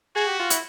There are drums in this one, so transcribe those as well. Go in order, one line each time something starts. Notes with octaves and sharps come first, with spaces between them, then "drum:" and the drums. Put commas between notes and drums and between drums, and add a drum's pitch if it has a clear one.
F#4 G#4
G4
F4
E4, drum: hi-hat